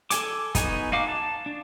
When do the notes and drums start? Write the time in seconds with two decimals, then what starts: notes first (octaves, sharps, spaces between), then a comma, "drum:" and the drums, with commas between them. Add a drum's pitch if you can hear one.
0.10 A4 G#5 D6, drum: hi-hat
0.55 B3 D#4 F#4 G#5, drum: kick, hi-hat
0.92 D#4 F#4 F5 D6
1.08 A5
1.46 D4